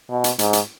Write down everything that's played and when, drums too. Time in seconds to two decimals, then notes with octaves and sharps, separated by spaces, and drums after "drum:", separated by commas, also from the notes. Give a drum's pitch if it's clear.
0.10 B2
0.24 drum: hi-hat
0.39 G#2, drum: hi-hat
0.53 drum: hi-hat